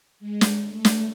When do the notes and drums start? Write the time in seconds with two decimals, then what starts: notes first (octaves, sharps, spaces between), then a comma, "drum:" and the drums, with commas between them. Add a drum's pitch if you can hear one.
0.20 G#3
0.41 drum: snare
0.68 A3
0.85 drum: snare